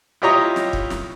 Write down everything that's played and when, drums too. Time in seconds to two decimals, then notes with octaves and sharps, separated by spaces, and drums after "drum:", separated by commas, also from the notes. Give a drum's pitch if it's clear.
0.22 E4 F4 G4 C#5 D#5 A#5
0.56 drum: snare
0.73 drum: kick
0.90 drum: snare